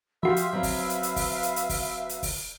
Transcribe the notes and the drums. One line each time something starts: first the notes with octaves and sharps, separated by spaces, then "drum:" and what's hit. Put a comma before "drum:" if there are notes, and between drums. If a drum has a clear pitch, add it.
F3 F#4 G4 E5 F5 C6
drum: hi-hat
F#3 C4 B4 F5
drum: kick, open hi-hat
drum: hi-hat
drum: hi-hat
drum: kick, open hi-hat
drum: hi-hat
drum: hi-hat
drum: kick, open hi-hat
drum: hi-hat
drum: kick, open hi-hat